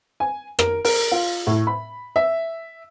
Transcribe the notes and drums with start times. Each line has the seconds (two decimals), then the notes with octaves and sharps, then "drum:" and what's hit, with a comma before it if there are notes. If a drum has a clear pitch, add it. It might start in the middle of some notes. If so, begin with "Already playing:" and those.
0.20 G#5
0.59 A#4, drum: rim click
0.85 A#4, drum: open hi-hat
1.12 F4
1.47 A2
1.67 B5
2.16 E5